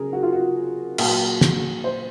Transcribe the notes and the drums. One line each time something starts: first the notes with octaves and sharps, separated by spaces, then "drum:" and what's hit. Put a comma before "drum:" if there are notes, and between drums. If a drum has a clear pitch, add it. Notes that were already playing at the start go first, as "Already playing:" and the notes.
Already playing: C#3 F#3 G#4 A#4
F#4
F4
F#4
A#2 F#3, drum: cymbal
drum: snare
C5